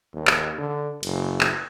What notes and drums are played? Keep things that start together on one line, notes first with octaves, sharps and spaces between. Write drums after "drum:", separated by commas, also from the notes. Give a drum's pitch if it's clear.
D#2
drum: clap
D3
F#1, drum: cymbal
drum: clap